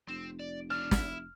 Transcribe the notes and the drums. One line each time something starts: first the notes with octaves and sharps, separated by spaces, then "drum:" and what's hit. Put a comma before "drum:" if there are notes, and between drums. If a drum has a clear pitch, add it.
F1 C4
D5
C#3 D4 F6
E4, drum: snare